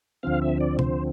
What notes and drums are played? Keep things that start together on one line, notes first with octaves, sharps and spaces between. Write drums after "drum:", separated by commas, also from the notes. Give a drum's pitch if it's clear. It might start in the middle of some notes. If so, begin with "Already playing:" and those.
D2 D3 F3 C4 F5
E5
D5
C5, drum: tom